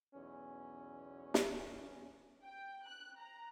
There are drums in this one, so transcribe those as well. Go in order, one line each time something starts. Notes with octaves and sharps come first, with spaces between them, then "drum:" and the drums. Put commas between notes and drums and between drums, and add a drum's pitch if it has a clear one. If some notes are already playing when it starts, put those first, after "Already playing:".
B1 E2 C#4
drum: snare
G5
F#6
A#5